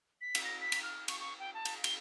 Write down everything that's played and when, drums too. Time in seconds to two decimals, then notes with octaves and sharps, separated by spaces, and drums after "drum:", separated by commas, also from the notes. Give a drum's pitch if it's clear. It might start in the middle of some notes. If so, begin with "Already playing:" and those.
0.21 B6
0.35 drum: cymbal
0.44 A#6
0.61 B6
0.72 drum: cymbal
0.83 F6
1.08 C#6, drum: cymbal
1.20 C#6
1.40 G5
1.54 A5
1.65 drum: cymbal
1.84 G7, drum: cymbal